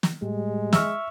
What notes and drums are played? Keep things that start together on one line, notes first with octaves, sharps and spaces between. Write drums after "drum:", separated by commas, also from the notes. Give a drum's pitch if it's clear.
drum: snare
A2 G3 G#3
E5 C#6 E6 F6, drum: snare